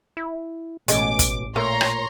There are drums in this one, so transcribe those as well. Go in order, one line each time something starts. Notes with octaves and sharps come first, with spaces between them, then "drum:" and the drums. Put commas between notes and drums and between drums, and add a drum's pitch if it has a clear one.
E4
A1 B2 G#3 A3 C#4 D6, drum: hi-hat
drum: kick, hi-hat
A#2 A3 A#4 C#5 A#5 C6
drum: rim click